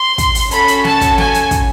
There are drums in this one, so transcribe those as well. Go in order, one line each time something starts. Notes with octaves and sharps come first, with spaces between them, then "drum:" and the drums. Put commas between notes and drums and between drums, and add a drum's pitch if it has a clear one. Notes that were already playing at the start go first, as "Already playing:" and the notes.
Already playing: C6
drum: kick, hi-hat
drum: open hi-hat
C#4 F#4 A4 B5, drum: hi-hat
drum: hi-hat
A5, drum: snare
drum: kick, hi-hat
G#5, drum: snare
drum: hi-hat
drum: kick, hi-hat